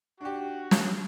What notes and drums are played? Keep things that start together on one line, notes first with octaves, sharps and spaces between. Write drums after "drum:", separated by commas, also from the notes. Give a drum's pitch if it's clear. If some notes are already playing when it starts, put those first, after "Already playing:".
D4 F#4 G4
drum: snare